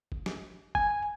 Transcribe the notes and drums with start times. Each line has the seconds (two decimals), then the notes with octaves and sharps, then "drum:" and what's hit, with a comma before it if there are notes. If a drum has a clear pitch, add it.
0.12 drum: kick
0.26 drum: snare
0.75 G#5, drum: kick